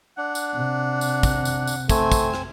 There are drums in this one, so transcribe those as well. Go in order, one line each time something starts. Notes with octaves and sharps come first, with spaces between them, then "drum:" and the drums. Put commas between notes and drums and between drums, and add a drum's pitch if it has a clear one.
D4 F#5
drum: tambourine
C3
drum: tambourine
drum: kick, tambourine
drum: tambourine
drum: tambourine
A3 C4 G#5, drum: kick, tambourine
drum: kick, tambourine
drum: rim click